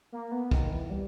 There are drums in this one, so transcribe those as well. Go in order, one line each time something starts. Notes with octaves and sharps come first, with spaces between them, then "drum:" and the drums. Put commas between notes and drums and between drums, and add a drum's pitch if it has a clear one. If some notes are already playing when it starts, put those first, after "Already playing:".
A#3
B3
D#3, drum: kick
E3
G3